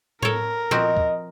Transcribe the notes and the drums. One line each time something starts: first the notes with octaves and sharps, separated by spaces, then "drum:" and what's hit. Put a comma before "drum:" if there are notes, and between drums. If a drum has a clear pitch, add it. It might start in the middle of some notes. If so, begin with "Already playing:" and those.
A4 A#4 C#5, drum: tom A2
F3 C4 F#4 D#5, drum: tom A#2
drum: kick